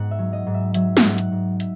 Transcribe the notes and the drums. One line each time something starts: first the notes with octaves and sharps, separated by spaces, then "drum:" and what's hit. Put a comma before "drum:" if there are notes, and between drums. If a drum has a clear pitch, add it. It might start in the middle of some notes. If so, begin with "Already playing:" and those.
Already playing: G#2 B3 F#5
E5
F#3
D#5
G#2
E5
F#3 E5, drum: hi-hat
F#5, drum: snare
G#2
F#5, drum: hi-hat
G#2
E5, drum: hi-hat